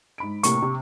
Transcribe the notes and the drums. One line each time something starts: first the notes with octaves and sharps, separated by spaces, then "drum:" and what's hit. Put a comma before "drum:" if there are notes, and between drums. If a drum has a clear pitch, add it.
G#2 B5 D7
A2 C3 A#3 C#6, drum: hi-hat
C3